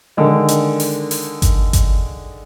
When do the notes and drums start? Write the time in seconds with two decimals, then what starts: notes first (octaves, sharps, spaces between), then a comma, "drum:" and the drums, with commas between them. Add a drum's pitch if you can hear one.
0.17 D3 D#3 G#3
0.48 drum: hi-hat
0.80 drum: open hi-hat
1.11 drum: open hi-hat
1.42 drum: kick G1, hi-hat
1.73 drum: kick G1, hi-hat